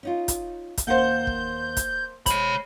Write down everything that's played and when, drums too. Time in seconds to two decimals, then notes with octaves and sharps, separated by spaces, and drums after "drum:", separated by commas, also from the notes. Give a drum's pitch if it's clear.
0.03 C#4 D#4 F4
0.28 drum: kick, hi-hat
0.78 drum: kick, hi-hat
0.87 D#2 A#3 C5 F5 F#5 G6
1.27 drum: kick
1.77 drum: kick, hi-hat
2.26 G#3 C5 C#5 B5, drum: kick, hi-hat